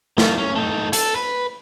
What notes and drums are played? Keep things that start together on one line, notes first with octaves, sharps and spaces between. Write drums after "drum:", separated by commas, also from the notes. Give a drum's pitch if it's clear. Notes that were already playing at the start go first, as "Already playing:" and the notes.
D#4 F4, drum: snare
C#4
A3 D#4
A4, drum: hi-hat
B4